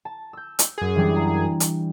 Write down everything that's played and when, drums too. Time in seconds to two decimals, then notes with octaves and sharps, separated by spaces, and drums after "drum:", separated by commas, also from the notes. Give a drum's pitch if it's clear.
0.05 A5
0.33 E6 G6
0.59 drum: hi-hat
0.78 F#2 G#4
0.96 E3 G3 D4
1.16 A#5
1.60 drum: hi-hat